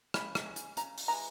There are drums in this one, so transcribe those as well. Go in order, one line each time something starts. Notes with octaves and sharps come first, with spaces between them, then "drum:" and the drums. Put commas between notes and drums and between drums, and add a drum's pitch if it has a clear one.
C#3 B5, drum: rim click
drum: rim click
G#3 C#4
drum: hi-hat
C#3 A#5, drum: hi-hat
drum: open hi-hat
E3 G#3 A#5